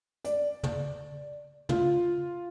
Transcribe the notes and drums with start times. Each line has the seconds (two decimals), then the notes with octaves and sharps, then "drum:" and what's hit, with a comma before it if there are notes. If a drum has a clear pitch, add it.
0.24 D5, drum: hi-hat
0.63 drum: tom
1.69 F4, drum: tom